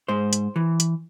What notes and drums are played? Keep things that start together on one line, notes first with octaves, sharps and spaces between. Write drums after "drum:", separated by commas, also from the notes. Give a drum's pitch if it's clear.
G#2 C5
drum: hi-hat
E3
drum: hi-hat